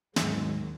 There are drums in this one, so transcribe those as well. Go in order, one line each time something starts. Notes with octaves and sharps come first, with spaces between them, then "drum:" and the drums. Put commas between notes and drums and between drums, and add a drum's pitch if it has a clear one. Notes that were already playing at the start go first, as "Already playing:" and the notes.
D#2 G#2 D#3 F#3 G#3, drum: snare